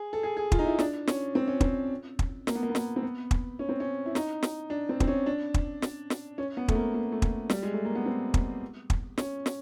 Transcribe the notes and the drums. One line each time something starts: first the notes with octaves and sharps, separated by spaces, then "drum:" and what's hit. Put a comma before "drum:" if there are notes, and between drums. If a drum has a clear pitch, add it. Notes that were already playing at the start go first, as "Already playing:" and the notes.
Already playing: G#4
A4
G#4
G#4
F4, drum: kick
D#4
E4
D4, drum: snare
C#4, drum: snare
C4
C#4
C4, drum: kick
drum: kick
A#3, drum: snare
B3
A#3
B3
A#3, drum: snare
C4
B3
drum: kick
C#4
C4
C#4
E4
D#4, drum: snare
drum: snare
D4
C4
C4, drum: kick
C#4
D4
drum: kick
drum: snare
drum: snare
C#4
B3
A3, drum: kick
A#3
A#3
A3
drum: kick
G3, drum: snare
G#3
A3
A#3
B3
C4
drum: kick
drum: kick
C#4, drum: snare
drum: snare